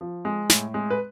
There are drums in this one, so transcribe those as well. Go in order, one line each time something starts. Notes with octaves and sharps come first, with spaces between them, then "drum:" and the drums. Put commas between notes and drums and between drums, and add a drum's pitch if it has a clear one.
F3
G#3
A2, drum: snare
G#3
B4